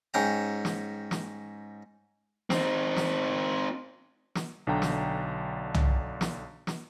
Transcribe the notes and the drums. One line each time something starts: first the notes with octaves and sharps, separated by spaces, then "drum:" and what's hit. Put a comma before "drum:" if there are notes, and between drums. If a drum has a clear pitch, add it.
G#2 C#4 G5 A#5
drum: snare
drum: snare
C4 D#4, drum: snare
drum: snare
drum: snare
B1 D3 D4 G5 A#5
drum: snare
drum: tom
drum: snare
drum: snare